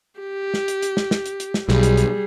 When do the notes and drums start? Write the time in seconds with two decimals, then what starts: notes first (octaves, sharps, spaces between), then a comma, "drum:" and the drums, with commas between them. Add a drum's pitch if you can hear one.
0.20 G4
0.54 drum: snare
0.68 drum: hi-hat
0.82 drum: hi-hat
0.97 drum: snare
1.11 drum: snare
1.26 drum: hi-hat
1.40 drum: hi-hat
1.54 drum: snare
1.69 B1 G3 G#4, drum: snare
1.83 drum: hi-hat
1.97 drum: hi-hat